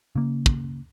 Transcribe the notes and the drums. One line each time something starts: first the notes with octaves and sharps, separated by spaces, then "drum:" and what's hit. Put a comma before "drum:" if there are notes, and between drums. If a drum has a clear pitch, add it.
C#3 A#3
drum: kick